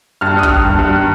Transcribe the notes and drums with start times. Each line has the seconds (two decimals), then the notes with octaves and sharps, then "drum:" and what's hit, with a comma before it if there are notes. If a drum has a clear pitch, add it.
0.21 G2 F6
0.37 G2 D#6
0.43 F6, drum: kick
0.51 D#3
0.65 G2
0.79 G2
0.93 D#3